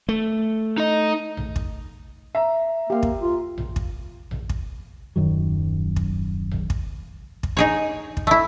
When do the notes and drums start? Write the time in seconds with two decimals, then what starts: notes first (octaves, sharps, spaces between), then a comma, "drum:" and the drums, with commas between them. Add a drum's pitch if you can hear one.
0.09 A3
0.78 D#4 D#5
1.37 drum: tom A#1
1.56 drum: kick
2.35 E5 A#5
2.90 A#3 G4 F5
3.03 drum: kick
3.21 F4
3.58 drum: tom A#1
3.76 drum: kick
4.31 drum: tom A#1
4.49 drum: kick
5.16 D#1 F#2 D#3 F#3
5.96 drum: kick
6.51 drum: tom A#1
6.70 drum: kick
7.43 drum: kick
7.57 D#4 G#4 C#5
8.17 drum: kick
8.27 A3 E4